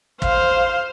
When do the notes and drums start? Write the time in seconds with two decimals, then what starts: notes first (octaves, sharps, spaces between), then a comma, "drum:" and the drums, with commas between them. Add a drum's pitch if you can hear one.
0.22 C5 F5, drum: kick